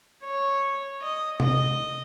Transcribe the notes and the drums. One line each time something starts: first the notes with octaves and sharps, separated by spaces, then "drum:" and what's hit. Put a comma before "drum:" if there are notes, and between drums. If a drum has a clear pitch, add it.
C#5
D#5
D#5, drum: tom C3